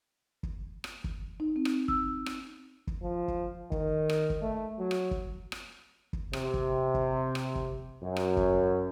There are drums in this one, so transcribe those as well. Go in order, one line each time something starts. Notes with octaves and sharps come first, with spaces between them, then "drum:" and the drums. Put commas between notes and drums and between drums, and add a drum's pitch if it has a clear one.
drum: kick
drum: rim click
drum: kick
D#4
C4
drum: rim click
E6, drum: kick
drum: rim click
drum: kick
F3
drum: kick
D#3, drum: kick
drum: rim click
drum: kick
A3
F#3
drum: rim click
drum: kick
drum: rim click
drum: kick
C3, drum: rim click
drum: kick
drum: kick
drum: rim click
drum: kick
F#2
drum: rim click
drum: kick